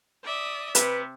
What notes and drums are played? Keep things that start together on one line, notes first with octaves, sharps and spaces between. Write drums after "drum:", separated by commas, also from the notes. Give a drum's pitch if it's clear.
D5 E5 D#6
C3 B4, drum: hi-hat